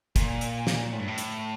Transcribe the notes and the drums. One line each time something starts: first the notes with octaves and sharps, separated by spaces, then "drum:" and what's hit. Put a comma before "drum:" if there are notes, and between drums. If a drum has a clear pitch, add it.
A#2, drum: kick, hi-hat
drum: hi-hat
drum: snare
A2
G2
A2
drum: hi-hat